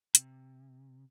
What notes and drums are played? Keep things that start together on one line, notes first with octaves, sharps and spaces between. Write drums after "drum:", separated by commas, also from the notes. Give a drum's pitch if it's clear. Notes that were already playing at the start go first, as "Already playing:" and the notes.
C3, drum: hi-hat